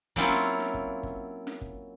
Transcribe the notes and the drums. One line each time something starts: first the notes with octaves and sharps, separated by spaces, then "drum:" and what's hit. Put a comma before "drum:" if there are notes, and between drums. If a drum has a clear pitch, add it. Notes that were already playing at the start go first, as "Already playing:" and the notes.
F#3 A#3 C4 C#4 E4 F4, drum: kick G1
drum: snare
drum: snare
drum: kick G1
drum: kick G1
drum: snare
drum: kick G1